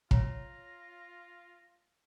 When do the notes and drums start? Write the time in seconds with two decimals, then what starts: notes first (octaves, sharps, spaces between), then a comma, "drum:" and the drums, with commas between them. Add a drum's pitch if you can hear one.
0.11 F4 C#5 A#5 A#6, drum: kick